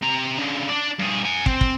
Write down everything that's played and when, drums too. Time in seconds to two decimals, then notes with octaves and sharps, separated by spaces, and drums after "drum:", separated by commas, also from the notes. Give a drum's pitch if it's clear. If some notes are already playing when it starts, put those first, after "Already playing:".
0.02 C3 A#5
0.38 C#3 D4
0.69 D4 D5
0.99 G2 G#4
1.25 F#5 G#5
1.46 C4, drum: kick
1.61 drum: kick